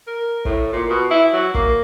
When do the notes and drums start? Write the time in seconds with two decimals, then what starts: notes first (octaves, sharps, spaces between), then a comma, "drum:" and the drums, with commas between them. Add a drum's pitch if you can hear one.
0.07 A#4
0.45 A2, drum: kick
0.72 A#2
0.90 B2
1.10 E4
1.34 F#3
1.54 A#3, drum: kick